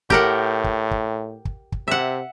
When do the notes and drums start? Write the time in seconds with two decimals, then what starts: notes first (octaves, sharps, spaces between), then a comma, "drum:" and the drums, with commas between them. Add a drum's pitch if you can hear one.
0.10 A2 G4 A#4 F#5, drum: kick
0.64 drum: kick
0.91 drum: kick
1.45 drum: kick
1.72 drum: kick
1.88 C3 E5 F#5